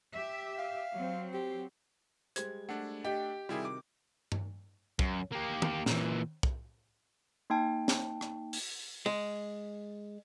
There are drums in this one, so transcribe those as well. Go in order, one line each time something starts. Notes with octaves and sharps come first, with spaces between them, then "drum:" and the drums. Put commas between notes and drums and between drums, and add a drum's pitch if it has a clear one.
G4 E5
F5
F#3 C4
G4
G3 G#3 C5 C6 G#6, drum: hi-hat
A3 D4 F#5
G4 D#5 G6 B6
C3 D#3 G3 E4 F#4 G#4
D6
drum: tom G2
F#2, drum: kick
A#3 G4
drum: tom
A#2 E3, drum: snare
drum: kick
A#3 D#4 G5 A5
drum: snare
drum: rim click
drum: open hi-hat
G#3